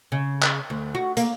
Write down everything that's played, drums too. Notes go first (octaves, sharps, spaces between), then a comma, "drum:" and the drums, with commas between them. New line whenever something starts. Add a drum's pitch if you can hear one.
C#3
drum: clap
D2
F#4
A#3, drum: hi-hat